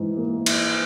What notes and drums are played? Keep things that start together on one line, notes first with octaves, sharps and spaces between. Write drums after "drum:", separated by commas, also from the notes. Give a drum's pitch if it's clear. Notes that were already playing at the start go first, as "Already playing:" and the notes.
Already playing: G#2 E3
A#3
E4, drum: cymbal